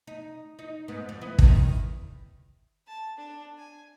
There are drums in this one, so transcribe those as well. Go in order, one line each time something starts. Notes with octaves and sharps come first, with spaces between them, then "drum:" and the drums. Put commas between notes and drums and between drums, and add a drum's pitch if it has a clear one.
D#4
D#4
G#2 B3
F2
B3 E4
E2 D#3 E4, drum: kick
A5
D4
G#5